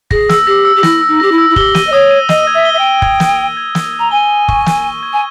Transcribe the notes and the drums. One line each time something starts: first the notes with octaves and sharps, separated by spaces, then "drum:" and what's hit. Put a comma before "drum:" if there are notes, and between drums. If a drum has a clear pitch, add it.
G#4 A#6, drum: kick
E6, drum: snare
G4 A#6
E6
G4
E4 A#6, drum: snare
E6
D#4
G4 A#6
E4
E6
E4
G4 G7, drum: kick
D#7, drum: snare
D#5
C#5 D#6
D#7
D#5 D#7, drum: snare
G#6
E5
G7
E5
G5
D#7
G#6, drum: kick
G#6, drum: snare
G7
G#6
G#6, drum: snare
G#6
A#5
G#5 G7
D#7
C#6, drum: kick
D#7, drum: snare
D#7
G#6
G#5